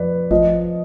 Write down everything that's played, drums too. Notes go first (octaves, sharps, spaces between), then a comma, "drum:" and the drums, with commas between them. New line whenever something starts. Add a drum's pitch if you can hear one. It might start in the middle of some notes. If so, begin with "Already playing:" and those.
Already playing: F2 B4 D5
F3 D#5, drum: kick G#1